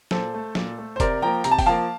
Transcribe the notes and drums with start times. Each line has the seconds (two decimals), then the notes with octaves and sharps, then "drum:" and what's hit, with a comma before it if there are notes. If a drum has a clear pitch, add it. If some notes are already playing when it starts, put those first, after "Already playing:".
0.11 A#2 A4 C5, drum: snare
0.34 A3
0.55 A#2, drum: snare
0.78 A3
0.96 C5
1.00 C3 A#4 D5, drum: kick F1, hi-hat
1.22 F3 A#3 G5 A#5
1.44 C3 A#5, drum: hi-hat
1.51 A5
1.59 G5, drum: kick F1, open hi-hat
1.66 F3 A#3 F5 A5